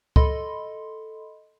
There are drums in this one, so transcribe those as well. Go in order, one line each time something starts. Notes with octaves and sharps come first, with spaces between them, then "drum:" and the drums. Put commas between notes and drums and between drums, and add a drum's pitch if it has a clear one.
A4 D#5 B5 C6, drum: kick C#2